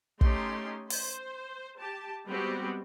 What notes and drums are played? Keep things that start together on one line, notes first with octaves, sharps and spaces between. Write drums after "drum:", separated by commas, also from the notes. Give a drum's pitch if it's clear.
A3 C#4 D#4 G4 C6, drum: kick
C5, drum: open hi-hat
G4 A5
G3 G#3 B3 C4 F#4 G4